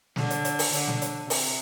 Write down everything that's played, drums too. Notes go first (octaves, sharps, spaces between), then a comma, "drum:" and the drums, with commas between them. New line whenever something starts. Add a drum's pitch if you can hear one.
D3, drum: snare
drum: hi-hat
drum: hi-hat
drum: open hi-hat
D3, drum: hi-hat
drum: snare
drum: hi-hat
C3, drum: open hi-hat